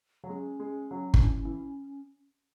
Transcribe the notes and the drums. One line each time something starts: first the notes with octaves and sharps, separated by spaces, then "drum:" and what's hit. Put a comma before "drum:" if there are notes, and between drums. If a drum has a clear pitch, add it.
F#3
G#3 C#4
G#3
F#3
D3, drum: kick G1
E3
E3